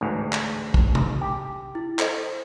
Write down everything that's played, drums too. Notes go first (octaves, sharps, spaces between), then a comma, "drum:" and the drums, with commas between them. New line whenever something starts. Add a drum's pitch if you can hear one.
A1 D2 G#2
drum: clap
drum: kick
drum: tom C3
G4
E4
A4 C5 D#5, drum: clap